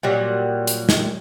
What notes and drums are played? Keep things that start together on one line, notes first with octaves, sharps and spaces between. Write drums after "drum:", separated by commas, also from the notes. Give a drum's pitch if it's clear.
A#2 F#3 G3
drum: hi-hat
drum: snare